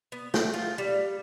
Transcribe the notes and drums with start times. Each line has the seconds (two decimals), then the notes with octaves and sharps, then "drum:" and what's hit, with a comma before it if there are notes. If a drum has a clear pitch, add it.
0.12 B3
0.34 G5, drum: snare
0.54 F4
0.78 G3